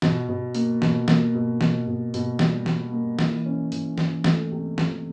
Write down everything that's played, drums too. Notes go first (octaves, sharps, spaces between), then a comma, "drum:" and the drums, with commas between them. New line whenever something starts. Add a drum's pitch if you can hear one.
B2, drum: snare E3
B2
A#3, drum: hi-hat
B2, drum: snare E3
A#3, drum: snare E3
B2
B2, drum: snare E3
B2
B2, drum: hi-hat
G3, drum: snare E3
G3, drum: snare E3
A#3
E3, drum: snare E3
C#4
E3, drum: hi-hat
E3, drum: snare E3
A3, drum: snare E3
C3
C3, drum: snare E3